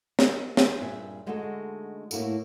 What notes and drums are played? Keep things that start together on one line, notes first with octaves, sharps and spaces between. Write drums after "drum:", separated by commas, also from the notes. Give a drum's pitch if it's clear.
A#3 D#4, drum: snare
drum: snare
G2 A#2 G3 G#4 E5 G#5
D3 G#3 A3 D#4 F#4 A4
A2 A#3 E4 F#4 A4, drum: tambourine